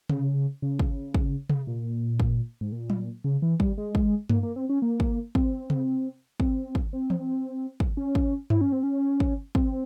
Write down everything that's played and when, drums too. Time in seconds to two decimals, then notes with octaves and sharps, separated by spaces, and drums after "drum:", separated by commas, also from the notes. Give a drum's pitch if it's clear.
0.10 C#3, drum: tom C3
0.62 C#3
0.79 drum: kick
1.14 drum: kick
1.50 drum: tom C3
1.67 A#2
2.20 drum: kick
2.61 G#2
2.72 A#2
2.90 drum: tom F#3
3.24 C#3
3.42 E3
3.60 G3, drum: kick
3.78 G#3
3.95 drum: kick
4.30 A#3, drum: tom G2
4.43 A#3
4.56 C4
4.69 C#4
4.82 A#3
5.00 drum: kick
5.35 C4, drum: kick
5.70 drum: tom C3
6.40 C4, drum: kick
6.75 drum: kick
6.93 C4
7.10 drum: tom E3
7.80 drum: kick
7.97 C#4
8.15 drum: kick
8.50 E4, drum: tom G2
8.61 C#4
8.72 C4
8.83 C#4
9.20 drum: kick
9.55 C4, drum: kick